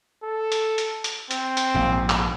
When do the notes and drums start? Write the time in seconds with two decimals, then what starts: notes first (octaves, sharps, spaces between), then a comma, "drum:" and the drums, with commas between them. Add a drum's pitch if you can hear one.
0.24 A4
0.52 drum: hi-hat
0.78 drum: hi-hat
1.04 drum: hi-hat
1.31 C4, drum: hi-hat
1.57 drum: hi-hat
1.74 A#1 G#2
2.10 drum: clap